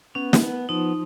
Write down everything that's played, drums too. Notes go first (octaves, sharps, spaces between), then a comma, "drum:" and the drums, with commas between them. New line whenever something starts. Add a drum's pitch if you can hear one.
B3 C#4
drum: snare
B3
F3 D#4